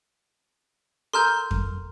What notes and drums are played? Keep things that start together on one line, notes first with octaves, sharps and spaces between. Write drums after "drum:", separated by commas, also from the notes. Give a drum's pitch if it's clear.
A4 A#4 A#5 C6 F6 G6
drum: kick F2